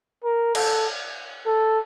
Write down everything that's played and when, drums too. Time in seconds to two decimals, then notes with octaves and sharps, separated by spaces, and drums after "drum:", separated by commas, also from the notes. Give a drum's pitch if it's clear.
0.24 A#4
0.55 A4, drum: cymbal
1.47 A4